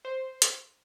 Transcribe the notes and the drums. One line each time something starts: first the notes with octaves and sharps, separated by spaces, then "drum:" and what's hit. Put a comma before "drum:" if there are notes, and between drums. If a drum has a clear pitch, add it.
C5
drum: hi-hat